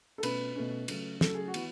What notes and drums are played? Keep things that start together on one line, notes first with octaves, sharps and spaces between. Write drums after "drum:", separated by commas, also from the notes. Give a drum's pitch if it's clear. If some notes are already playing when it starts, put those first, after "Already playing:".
A4
B2 A3 C#4 B4, drum: cymbal
B2 A3 C#4
C#3 F#3 A3, drum: cymbal
C#3 F#3 A3 A4, drum: snare
G#4
F#4
E3 B3, drum: cymbal